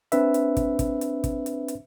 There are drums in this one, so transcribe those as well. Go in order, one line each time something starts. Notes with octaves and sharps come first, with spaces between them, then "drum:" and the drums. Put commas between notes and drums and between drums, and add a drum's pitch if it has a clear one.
C4 D4 B4 E5, drum: hi-hat
drum: hi-hat
drum: kick, hi-hat
drum: kick, hi-hat
drum: hi-hat
drum: kick, hi-hat
drum: hi-hat
drum: hi-hat